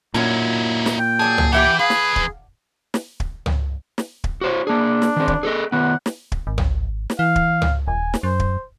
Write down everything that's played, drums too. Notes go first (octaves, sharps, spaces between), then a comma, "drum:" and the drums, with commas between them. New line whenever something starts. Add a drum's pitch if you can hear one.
A#2 F#3 C#4 D#4 E4 A#5
drum: snare
G5
F#3 G#4 D5 A5
drum: tom C#2
E3 G4 E5 F#5 G5
E2 G#4 B4 F5
drum: snare
drum: kick
drum: snare
drum: kick
drum: tom C#2
drum: snare
drum: kick
F#4 C5 C#5
A#3 D4 G#4
drum: snare
D#3 C4
drum: kick
G#4 A4 D#5
D#3 B3 F#5
drum: snare
drum: kick
G#1
drum: tom C#2
drum: snare
E3 F5
drum: kick
drum: tom C#2
D#1 G#5
drum: snare
F#2 C5
drum: kick